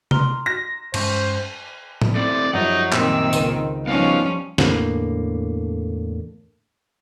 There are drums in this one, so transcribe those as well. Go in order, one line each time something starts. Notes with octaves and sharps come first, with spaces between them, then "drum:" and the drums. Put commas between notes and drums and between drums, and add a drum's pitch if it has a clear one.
A#5 C6 F6, drum: tom C3
A#6
G2 G#3 C#4 C5 C#6, drum: cymbal
drum: tom
A3 C4 E4 D5
F#2 F3 G3 D#4 C#5 F#5
A#2 D#3 C4 E6, drum: clap
C#2 A#4 D#7, drum: tambourine
F3 G3 B3 C#4 D#4 F5
E2 A2 D3 A#3, drum: snare